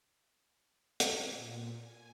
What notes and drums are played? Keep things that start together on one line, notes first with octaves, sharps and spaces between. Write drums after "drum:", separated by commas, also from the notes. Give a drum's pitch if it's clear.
drum: hi-hat
A#2
G#5